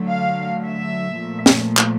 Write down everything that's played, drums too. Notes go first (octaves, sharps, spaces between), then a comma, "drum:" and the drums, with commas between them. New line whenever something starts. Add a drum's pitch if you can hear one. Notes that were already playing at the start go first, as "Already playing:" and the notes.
Already playing: D3 F#3 A3
F5
E5
A#2 F3 A3
drum: snare
drum: clap